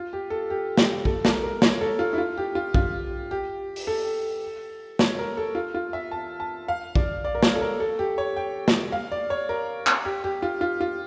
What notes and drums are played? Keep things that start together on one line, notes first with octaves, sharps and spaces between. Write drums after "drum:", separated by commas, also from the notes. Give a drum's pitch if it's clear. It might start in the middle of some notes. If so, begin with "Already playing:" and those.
Already playing: F4
G4
A4
G4
G4, drum: snare
A4, drum: kick
A#4, drum: snare
A#4
C#5, drum: snare
A4
F4
E4
F4
G4
F4
F4, drum: kick
G4
drum: open hi-hat
A4
C#5, drum: snare
A#4
A4
F4
F4
E5
A5
A5
F5
D5, drum: kick
D5
A#4
C#5, drum: snare
A4
A#4
A4
G4
C#5
G5
drum: snare
F5
D5
C#5
A#4
drum: clap
G4
G4
F4
F4
F4